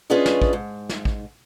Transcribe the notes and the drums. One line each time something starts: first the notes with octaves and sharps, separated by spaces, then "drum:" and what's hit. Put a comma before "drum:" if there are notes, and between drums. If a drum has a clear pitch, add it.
C#4 D4 F4 G#4 B4 D#5
drum: snare
drum: kick
G#2
drum: snare
drum: kick